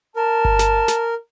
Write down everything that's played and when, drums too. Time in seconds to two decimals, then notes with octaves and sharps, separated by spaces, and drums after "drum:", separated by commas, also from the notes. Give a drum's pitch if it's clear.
0.16 A#4 A5
0.45 drum: kick G1
0.59 drum: snare
0.88 drum: snare